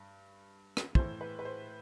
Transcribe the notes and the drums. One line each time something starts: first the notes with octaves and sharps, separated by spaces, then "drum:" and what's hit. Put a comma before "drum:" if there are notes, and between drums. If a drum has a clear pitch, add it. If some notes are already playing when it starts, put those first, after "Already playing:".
Already playing: G2
drum: rim click
A2 E3 C5, drum: kick
B4
B4
C5